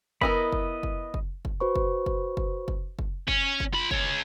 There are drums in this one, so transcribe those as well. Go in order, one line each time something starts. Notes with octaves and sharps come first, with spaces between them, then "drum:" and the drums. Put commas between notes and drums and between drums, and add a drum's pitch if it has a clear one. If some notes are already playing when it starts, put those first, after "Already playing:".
B3 E4 A#4 D#5 B5, drum: kick
drum: kick
drum: kick
drum: kick
drum: kick
F#4 B4 C5 B5 C#6
drum: kick
drum: kick
drum: kick
drum: kick
drum: kick
C#4, drum: kick
drum: kick
F4 B5
G#3 C#5, drum: kick